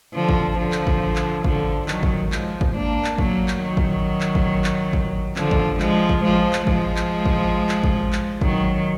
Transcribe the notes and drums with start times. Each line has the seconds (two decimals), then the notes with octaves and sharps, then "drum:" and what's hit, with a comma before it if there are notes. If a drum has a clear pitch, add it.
0.14 D3 F3
0.29 drum: kick G#1
0.57 D3 F3
0.72 drum: clap
0.87 drum: kick G#1
1.16 drum: clap
1.44 D3 F3, drum: kick G#1
1.88 D#3 F#3, drum: clap
2.03 drum: kick G#1
2.32 F3 G#3, drum: clap
2.61 drum: kick G#1
2.76 A#3 D4
3.04 drum: clap
3.18 F#3 A#3, drum: kick G#1
3.48 drum: clap
3.63 D#3 F#3
3.77 drum: kick G#1
4.21 drum: clap
4.35 drum: kick G#1
4.64 drum: clap
4.93 drum: kick G#1
5.36 D3 F3, drum: clap
5.51 drum: kick G#1
5.80 F3 G#3, drum: clap
6.09 drum: kick G#1
6.24 F3 G#3
6.53 drum: clap
6.67 F3 G#3, drum: kick G#1
6.96 drum: clap
7.25 drum: kick G#1
7.69 drum: clap
7.84 drum: kick G#1
8.13 drum: clap
8.41 D#3 F#3, drum: kick G#1